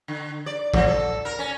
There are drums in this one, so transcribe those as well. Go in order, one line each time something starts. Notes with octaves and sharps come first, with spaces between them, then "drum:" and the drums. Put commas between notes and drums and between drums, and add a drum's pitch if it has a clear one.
D3
D5
F3, drum: kick A1
A4
A#4
C#4